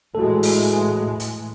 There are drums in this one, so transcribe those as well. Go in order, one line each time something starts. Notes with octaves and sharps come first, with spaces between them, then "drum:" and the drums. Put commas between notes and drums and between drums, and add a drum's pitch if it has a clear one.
A2 E3 G#3 F#4 A4
drum: open hi-hat
drum: hi-hat